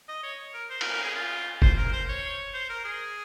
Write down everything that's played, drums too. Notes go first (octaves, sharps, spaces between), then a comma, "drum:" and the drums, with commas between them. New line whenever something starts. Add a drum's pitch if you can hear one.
D#5
C#5
A#4
C5
A#4, drum: cymbal
A#4
G#4
F4
C5, drum: kick F1
A#4
C5
C#5
C5
A#4
G#4